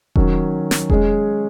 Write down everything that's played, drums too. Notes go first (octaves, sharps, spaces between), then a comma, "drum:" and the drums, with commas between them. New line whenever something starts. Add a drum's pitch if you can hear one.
D#3 F#3 C#4, drum: kick E1
drum: snare
G#3 C#4 G#4, drum: kick E1